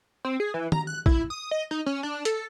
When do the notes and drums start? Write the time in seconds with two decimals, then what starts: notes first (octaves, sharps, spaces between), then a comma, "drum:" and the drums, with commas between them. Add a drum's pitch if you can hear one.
0.25 C4
0.40 G#4
0.54 E3
0.72 A#5, drum: tom
0.87 F#6
1.06 E4, drum: kick
1.30 D#6
1.51 D#5
1.71 D#4
1.86 C#4
2.03 D4
2.25 A4, drum: hi-hat